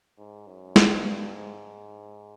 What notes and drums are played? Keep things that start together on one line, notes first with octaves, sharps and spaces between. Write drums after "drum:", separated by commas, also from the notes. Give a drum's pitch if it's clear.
G#2
F#2
G2, drum: snare
G#2